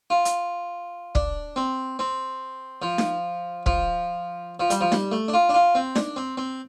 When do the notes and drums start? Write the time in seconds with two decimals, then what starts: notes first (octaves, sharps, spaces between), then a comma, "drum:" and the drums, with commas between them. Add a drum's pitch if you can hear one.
0.10 F4
0.25 drum: hi-hat
1.15 D4, drum: kick
1.56 C4
1.99 C4
2.82 F3
2.98 drum: snare D#4
3.66 F3, drum: kick
4.60 F3
4.70 G3, drum: hi-hat
4.81 F3
4.92 G3, drum: snare D#4
5.12 A3
5.28 D4
5.34 F4
5.49 D4
5.54 F4
5.75 C4
5.95 D4, drum: snare D#4
6.16 C4
6.37 C4